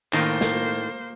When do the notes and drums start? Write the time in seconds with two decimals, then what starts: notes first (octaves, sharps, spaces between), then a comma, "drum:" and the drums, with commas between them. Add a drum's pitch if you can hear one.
0.13 A2 D#3 A#3 C5, drum: clap
0.41 drum: snare